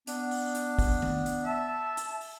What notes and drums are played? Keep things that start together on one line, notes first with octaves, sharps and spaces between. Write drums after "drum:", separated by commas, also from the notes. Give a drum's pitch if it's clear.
B3 D4, drum: hi-hat
drum: open hi-hat
drum: hi-hat
drum: kick, open hi-hat
drum: tom
drum: hi-hat
E5 A5
drum: hi-hat
drum: open hi-hat